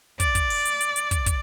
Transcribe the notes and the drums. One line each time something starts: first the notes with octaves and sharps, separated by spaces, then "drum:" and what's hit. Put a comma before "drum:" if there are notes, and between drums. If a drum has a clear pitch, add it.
D5, drum: kick, hi-hat
drum: kick, hi-hat
drum: open hi-hat
drum: hi-hat
drum: hi-hat
drum: hi-hat
drum: kick, hi-hat
drum: kick, hi-hat